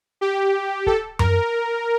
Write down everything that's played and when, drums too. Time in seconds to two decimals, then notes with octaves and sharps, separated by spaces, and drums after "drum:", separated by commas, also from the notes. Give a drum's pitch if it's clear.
0.21 G4
0.86 A4, drum: kick
1.19 A#4, drum: tom F#2